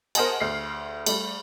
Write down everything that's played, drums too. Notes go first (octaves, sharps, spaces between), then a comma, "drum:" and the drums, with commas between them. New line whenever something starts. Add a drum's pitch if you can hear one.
A#4 C5 D#5 F#5 G#5 A5, drum: cymbal
D2 F6 C7
G3 A3, drum: cymbal